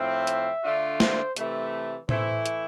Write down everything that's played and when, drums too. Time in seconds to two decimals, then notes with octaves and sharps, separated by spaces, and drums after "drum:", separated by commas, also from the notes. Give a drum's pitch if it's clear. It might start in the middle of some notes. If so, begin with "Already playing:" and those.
Already playing: A2 F3 C4 E5
0.27 drum: hi-hat
0.63 D3 A3 D4 F4
1.00 C5, drum: snare
1.36 C3 E3 A3, drum: hi-hat
2.09 E3 A3 E4 C5, drum: tom A2
2.46 drum: hi-hat